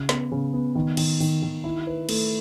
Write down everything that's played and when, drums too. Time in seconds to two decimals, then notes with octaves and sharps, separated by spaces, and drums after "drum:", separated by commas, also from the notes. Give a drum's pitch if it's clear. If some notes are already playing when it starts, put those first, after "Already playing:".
Already playing: C#3
0.09 B3, drum: snare
0.32 C#3
0.53 B3
0.75 D#3
0.97 D#3, drum: cymbal
1.20 D#3, drum: open hi-hat
1.43 D#3
1.64 E4
1.87 B4
2.09 A3, drum: cymbal